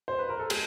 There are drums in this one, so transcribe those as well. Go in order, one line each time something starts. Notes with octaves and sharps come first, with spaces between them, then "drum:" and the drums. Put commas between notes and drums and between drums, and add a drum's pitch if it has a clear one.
C5
B4
A#4
A4
G#3 G#4, drum: cymbal